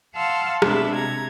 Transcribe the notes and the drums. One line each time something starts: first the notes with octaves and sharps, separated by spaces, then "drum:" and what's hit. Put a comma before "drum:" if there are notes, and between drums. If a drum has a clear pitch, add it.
F5 F#5 A5 C6 E6 F6
B2 G#3 C4 D4 E5 B5, drum: rim click
C3 A#5 G#6